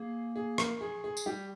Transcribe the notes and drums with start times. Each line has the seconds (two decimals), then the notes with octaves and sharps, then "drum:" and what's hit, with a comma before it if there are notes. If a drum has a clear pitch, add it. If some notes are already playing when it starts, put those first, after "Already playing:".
Already playing: A#3 G#4
0.36 G#4
0.58 A#4, drum: rim click
0.81 G#4
1.04 G#4
1.17 drum: tambourine
1.26 G3 G4